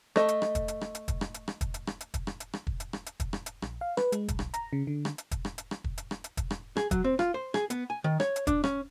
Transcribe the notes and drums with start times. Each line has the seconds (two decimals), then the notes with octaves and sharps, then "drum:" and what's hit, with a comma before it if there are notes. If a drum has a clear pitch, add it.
0.16 A3 D#5, drum: rim click
0.28 drum: hi-hat
0.42 drum: rim click
0.55 drum: kick, hi-hat
0.68 drum: hi-hat
0.81 drum: rim click
0.95 drum: hi-hat
1.08 drum: kick, hi-hat
1.21 drum: rim click
1.34 drum: hi-hat
1.48 drum: rim click
1.61 drum: kick, hi-hat
1.74 drum: hi-hat
1.87 drum: rim click
2.01 drum: hi-hat
2.14 drum: kick, hi-hat
2.27 drum: rim click
2.40 drum: hi-hat
2.53 drum: rim click
2.67 drum: kick
2.80 drum: hi-hat
2.93 drum: rim click
3.06 drum: hi-hat
3.20 drum: kick, hi-hat
3.33 drum: rim click
3.46 drum: hi-hat
3.62 A#1, drum: rim click
3.81 F5
3.97 B4, drum: rim click
4.12 G#3, drum: hi-hat
4.28 B1, drum: kick, hi-hat
4.39 drum: rim click
4.54 A#5, drum: hi-hat
4.73 C#3
4.87 D3
5.05 drum: rim click
5.18 drum: hi-hat
5.31 drum: kick, hi-hat
5.45 drum: rim click
5.58 drum: hi-hat
5.71 drum: rim click
5.84 drum: kick
5.98 drum: hi-hat
6.11 drum: rim click
6.24 drum: hi-hat
6.37 drum: kick, hi-hat
6.51 drum: rim click
6.77 G#4, drum: rim click
6.91 F#3, drum: kick, hi-hat
7.04 C4
7.19 F4, drum: rim click
7.34 C5
7.54 G#4, drum: rim click
7.70 B3, drum: hi-hat
7.90 G#5
8.04 D#3
8.20 C#5, drum: rim click
8.36 drum: hi-hat
8.47 D4, drum: kick, hi-hat
8.64 C#4, drum: rim click